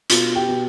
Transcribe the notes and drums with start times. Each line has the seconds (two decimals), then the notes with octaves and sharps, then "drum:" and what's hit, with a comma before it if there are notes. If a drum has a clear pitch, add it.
0.10 B2 F4, drum: hi-hat
0.36 G4
0.48 B2